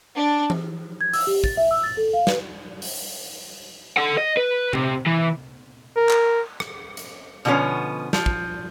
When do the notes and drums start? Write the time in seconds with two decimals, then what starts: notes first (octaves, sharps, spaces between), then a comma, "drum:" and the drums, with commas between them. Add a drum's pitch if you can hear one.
0.16 D4
0.50 drum: tom E3
1.01 G#6
1.13 E6, drum: open hi-hat
1.27 G4
1.44 A6, drum: kick
1.57 E5
1.71 E6
1.83 A6
1.97 A4
2.13 F5
2.27 B4, drum: snare
2.82 drum: open hi-hat
3.97 A4 F#5
4.18 D#5
4.37 B4
4.73 C3, drum: tom C3
5.06 E3
5.97 A#4
6.09 drum: clap
6.60 drum: rim click
6.97 drum: hi-hat
7.45 B2 D3 F3 G3 B3 C#4
8.13 F3, drum: snare
8.26 drum: kick